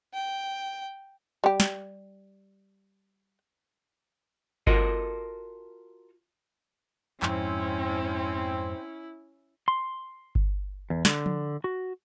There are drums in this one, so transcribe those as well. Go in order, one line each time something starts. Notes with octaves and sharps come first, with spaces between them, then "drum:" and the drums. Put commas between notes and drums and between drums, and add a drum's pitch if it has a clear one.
G5
G3 G4
drum: snare
F4 F#4 A4 A#4 D#5, drum: kick G1
F2 G#2 C4 C#4 E4, drum: clap
C6
drum: kick G1
E2
D3, drum: snare
drum: tom F3
F#4